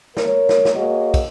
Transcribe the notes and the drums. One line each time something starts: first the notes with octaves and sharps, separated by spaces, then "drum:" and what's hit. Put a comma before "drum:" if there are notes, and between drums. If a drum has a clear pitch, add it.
A#4 C#5, drum: snare
drum: snare
drum: snare
A#3 F#4 G#4 C#5 D#5
drum: kick, cymbal